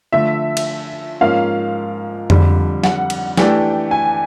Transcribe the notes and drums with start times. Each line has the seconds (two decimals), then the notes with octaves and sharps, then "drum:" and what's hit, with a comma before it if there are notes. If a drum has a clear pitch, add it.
0.12 D3 F3 A3 E5
0.57 drum: cymbal
1.21 G#2 F3 A#3 C#4 F5
2.30 F2 D3 G3, drum: tom F2
2.84 F#5, drum: snare
3.10 drum: cymbal
3.38 E3 A3 D4 G4 G5, drum: snare
3.91 G#5